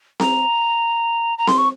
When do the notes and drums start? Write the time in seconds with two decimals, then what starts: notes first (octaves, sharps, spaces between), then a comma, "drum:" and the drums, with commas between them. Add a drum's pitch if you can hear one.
0.20 A#5, drum: snare C4
1.38 A#5
1.47 C6, drum: snare C4
1.57 C#6